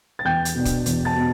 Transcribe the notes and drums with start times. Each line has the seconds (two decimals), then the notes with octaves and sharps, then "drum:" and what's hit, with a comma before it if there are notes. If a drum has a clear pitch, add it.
0.19 A6
0.25 E2 G5 G6
0.45 drum: hi-hat
0.55 B2 B3 D4
0.65 drum: kick, hi-hat
0.86 E2, drum: hi-hat
1.05 A5 A6
1.16 B2 B3